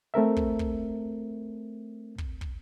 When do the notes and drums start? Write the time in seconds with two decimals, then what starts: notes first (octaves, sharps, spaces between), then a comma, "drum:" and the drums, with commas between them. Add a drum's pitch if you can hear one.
0.14 A3 C4 A#4 E5
0.36 drum: kick
0.59 drum: kick
2.18 drum: kick
2.41 drum: kick